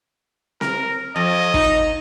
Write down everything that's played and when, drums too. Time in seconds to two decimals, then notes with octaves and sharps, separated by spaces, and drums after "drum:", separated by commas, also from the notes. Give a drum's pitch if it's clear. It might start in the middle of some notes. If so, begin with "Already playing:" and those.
0.61 A#4, drum: snare C4
1.16 F2 D#5
1.54 D#4, drum: kick